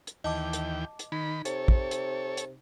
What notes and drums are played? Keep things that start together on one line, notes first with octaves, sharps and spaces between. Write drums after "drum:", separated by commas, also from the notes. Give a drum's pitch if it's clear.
drum: hi-hat
D#2 E3 D#5 G5 A5 D6
drum: hi-hat
drum: hi-hat
D#3 D#4 B5
C3 A4 C#5, drum: hi-hat
drum: kick
drum: hi-hat
drum: hi-hat